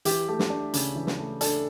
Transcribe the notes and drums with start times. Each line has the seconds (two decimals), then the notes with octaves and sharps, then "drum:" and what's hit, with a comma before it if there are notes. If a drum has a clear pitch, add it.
0.05 E3 G4, drum: hi-hat
0.28 A3 G4
0.39 drum: snare
0.50 D4
0.74 C#3, drum: hi-hat
0.95 E3
1.07 drum: snare
1.18 A3
1.41 D4 A4, drum: hi-hat